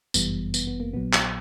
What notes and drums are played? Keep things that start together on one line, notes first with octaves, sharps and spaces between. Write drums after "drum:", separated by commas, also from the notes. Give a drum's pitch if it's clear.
G1 F#2 E3 G3 B3, drum: tambourine
B3, drum: tambourine
B3
A#3
A#1 A#2 F#3 B3
drum: clap